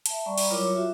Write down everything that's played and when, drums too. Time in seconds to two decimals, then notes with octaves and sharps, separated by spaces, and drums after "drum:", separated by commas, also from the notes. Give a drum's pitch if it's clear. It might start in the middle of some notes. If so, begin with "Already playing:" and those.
0.06 E5 A5, drum: hi-hat
0.26 G3 D5 A#5 B5 C#6
0.38 drum: open hi-hat
0.50 F#3 E4 F4 A#4 C#5 D6
0.75 F4 F#4 E5